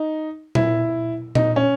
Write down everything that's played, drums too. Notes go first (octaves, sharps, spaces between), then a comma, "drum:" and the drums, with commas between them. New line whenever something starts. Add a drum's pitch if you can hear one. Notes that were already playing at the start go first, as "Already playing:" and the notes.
Already playing: D#4
E4, drum: tom A#2
D#4, drum: tom A#2
C#4